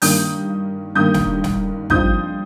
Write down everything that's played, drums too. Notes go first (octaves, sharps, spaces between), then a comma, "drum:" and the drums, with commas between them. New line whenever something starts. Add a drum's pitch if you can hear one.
G2 D#3 A#3 D#6 G6, drum: open hi-hat
G2 D#3 A#3 D#6 G6
drum: snare
drum: snare
G2 F3 C4 D#4 D#6 G6, drum: kick